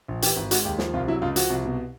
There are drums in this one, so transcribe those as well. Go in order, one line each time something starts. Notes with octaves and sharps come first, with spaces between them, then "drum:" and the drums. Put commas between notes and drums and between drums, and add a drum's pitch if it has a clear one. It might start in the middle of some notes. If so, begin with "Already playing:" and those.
A#1
E3 G4, drum: hi-hat
G#1
G#3 F#4, drum: hi-hat
D#2 G4
F3, drum: snare
C2 F4
F#3 E4
C#2 F4
F3 F#4, drum: hi-hat
C2
B2